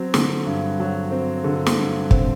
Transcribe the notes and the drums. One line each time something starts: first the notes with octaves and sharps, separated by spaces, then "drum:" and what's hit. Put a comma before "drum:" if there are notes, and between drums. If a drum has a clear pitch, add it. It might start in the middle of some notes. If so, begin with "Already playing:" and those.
Already playing: F#3 C4
D3, drum: snare
G2
F#3
C4
D3
drum: snare
G2
C4, drum: kick